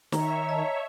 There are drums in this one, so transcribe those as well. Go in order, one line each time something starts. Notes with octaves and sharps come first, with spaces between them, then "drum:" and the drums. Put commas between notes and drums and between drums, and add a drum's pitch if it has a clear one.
D#3 C#5 E5 A#5, drum: snare
D#5 A5